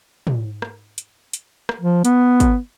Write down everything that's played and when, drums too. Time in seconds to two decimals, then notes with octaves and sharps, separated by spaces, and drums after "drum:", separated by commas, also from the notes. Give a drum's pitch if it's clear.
0.27 drum: tom
0.62 drum: rim click
0.98 drum: hi-hat
1.33 drum: hi-hat
1.69 drum: rim click
1.81 F3
2.05 B3, drum: hi-hat
2.40 drum: kick, hi-hat